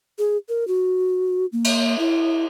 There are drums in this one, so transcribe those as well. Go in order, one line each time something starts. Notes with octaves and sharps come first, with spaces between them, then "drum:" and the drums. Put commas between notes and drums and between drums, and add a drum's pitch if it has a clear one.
G#4
A#4
F#4
A#3
drum: cymbal
E4